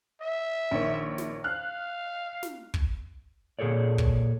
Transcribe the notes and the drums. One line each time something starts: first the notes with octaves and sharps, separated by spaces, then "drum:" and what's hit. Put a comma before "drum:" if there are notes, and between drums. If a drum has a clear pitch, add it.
E5
A#1 D#3 C#5
drum: snare
F5 F6 F#6
drum: snare
drum: kick
A#2 G#4 A4 C#5 D5
drum: kick